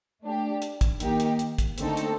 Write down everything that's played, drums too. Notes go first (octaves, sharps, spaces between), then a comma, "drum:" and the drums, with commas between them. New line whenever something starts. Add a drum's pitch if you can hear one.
A3 D4 G4
drum: hi-hat
drum: kick, hi-hat
D#3 A#3 D#4 G4, drum: hi-hat
drum: hi-hat
drum: hi-hat
drum: kick, hi-hat
D3 A3 C4 D#4 A4, drum: hi-hat
drum: hi-hat